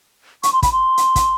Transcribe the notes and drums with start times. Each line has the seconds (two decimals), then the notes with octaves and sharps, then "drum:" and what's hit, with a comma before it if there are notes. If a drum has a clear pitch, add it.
0.43 C#6, drum: hi-hat
0.53 C6
0.63 B5, drum: kick, hi-hat
0.72 C6
0.97 drum: hi-hat
1.16 drum: kick, hi-hat